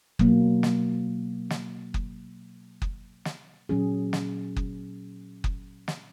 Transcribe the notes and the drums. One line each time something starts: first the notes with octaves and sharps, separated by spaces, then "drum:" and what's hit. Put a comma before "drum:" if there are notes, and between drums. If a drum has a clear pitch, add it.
B2 F#3 A#3, drum: kick F#1
drum: snare
drum: snare
drum: kick F#1
drum: kick F#1
drum: snare
A#2 F#3 C#4 G#4
drum: snare
drum: kick F#1
drum: kick F#1
drum: snare